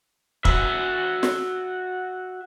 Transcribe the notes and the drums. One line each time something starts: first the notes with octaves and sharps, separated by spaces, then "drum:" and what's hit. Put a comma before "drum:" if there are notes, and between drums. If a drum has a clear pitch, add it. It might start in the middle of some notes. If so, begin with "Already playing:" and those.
F#4 E5, drum: kick
drum: snare